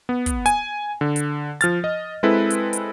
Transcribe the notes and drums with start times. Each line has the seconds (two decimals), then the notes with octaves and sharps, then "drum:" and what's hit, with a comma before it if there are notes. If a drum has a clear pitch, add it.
0.09 B3
0.26 drum: kick, hi-hat
0.46 G#5, drum: hi-hat
1.01 D3
1.16 drum: hi-hat
1.61 F3 F6 A6, drum: hi-hat
1.84 D#5
2.23 G#3 C4 E4 A4 B4
2.50 drum: hi-hat
2.73 drum: hi-hat